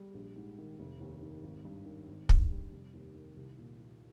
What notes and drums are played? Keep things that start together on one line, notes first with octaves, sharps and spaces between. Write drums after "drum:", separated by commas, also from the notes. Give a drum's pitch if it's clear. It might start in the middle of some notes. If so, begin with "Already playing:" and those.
Already playing: G3
A#1
G#2
D#3
F1
D#2
D#3
G#1
G2
D#3
G#1
G2, drum: kick
G3
F1
D#2
D#3
C2
A#2
F3